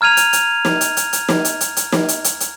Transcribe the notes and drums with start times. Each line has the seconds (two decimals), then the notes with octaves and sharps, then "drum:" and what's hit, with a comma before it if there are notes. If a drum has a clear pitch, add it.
0.01 A#5 F6 G#6 D#7 F7
0.17 drum: hi-hat
0.33 drum: hi-hat
0.65 drum: snare
0.81 drum: hi-hat
0.97 drum: hi-hat
1.13 drum: hi-hat
1.29 drum: snare
1.45 drum: hi-hat
1.61 drum: hi-hat
1.77 drum: hi-hat
1.93 drum: snare
2.08 drum: hi-hat
2.24 drum: hi-hat
2.40 drum: hi-hat